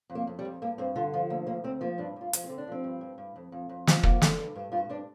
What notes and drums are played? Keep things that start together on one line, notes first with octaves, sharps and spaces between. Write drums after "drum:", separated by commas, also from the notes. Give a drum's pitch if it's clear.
F2
A#3
F2
G3
F2
G2 A#3
G2 C4
D3 F4
F3 F4
D2 A#3
D2 A#3
D2 C4
F3 A#3
G2 D4
G2 F4
F3, drum: hi-hat
C4
D3
D4
F3 C4
G2
G2
G2
F2
F2
F2
F3, drum: snare
D3 A#3, drum: kick
D3, drum: snare
G2
G2
G2 F4
G2 D4